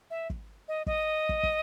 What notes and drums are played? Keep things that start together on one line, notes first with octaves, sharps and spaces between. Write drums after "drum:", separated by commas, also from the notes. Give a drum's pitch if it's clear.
E5
drum: kick
D#5
D#5, drum: kick
drum: kick
drum: kick